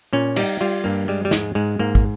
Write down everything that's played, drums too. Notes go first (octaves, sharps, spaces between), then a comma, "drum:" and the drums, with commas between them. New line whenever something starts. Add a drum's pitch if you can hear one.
A#2 C#4
G3 D#4, drum: cymbal
G3 F4
G2 A#3
G3 G#3
G3
G#2 G#3, drum: snare
G#2 G#3
G#2 A#3
drum: kick